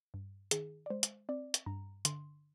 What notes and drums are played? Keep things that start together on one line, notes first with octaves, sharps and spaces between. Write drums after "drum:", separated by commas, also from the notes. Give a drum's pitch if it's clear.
G2
D#3 G#4, drum: hi-hat
D5
G#3 C5
drum: hi-hat
C4 D5
drum: hi-hat
G2 A#5
D3 C6, drum: hi-hat